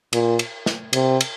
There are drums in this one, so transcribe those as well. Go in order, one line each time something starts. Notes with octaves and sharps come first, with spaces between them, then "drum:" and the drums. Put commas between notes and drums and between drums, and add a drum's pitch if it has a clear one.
A#2, drum: cymbal
drum: cymbal
drum: snare
C3, drum: cymbal
drum: cymbal